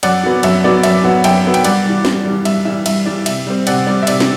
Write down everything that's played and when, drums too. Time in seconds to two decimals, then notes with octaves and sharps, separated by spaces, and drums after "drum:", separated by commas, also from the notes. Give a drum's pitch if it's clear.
0.03 F#2 D5 F#5, drum: cymbal
0.23 F#3 B3
0.43 F#2 E5, drum: cymbal
0.64 F#3 B3 D5
0.83 F#2 E5, drum: cymbal
1.04 F#3 B3
1.24 F#2 E5 G5, drum: cymbal
1.45 F#3 B3
1.54 G5, drum: cymbal
1.64 G2 D5 F#5, drum: cymbal
1.85 E3 G3
2.05 G2, drum: snare
2.25 E3 G3
2.45 G2 E5, drum: cymbal
2.65 E3 G3 E5
2.86 G2 E5, drum: cymbal
3.06 E3 G3 D5
3.26 C3 E5, drum: cymbal
3.47 G3 C4
3.67 C3 D5 F#5, drum: cymbal
3.87 G3 C4 D5
4.03 E5
4.07 C3 D5, drum: cymbal
4.20 drum: snare